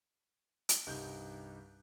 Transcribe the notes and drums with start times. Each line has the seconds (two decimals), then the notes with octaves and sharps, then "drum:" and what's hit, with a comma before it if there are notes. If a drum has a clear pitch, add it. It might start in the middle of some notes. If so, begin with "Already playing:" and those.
0.69 drum: hi-hat
0.86 C2 G2 D#4 F#6 G6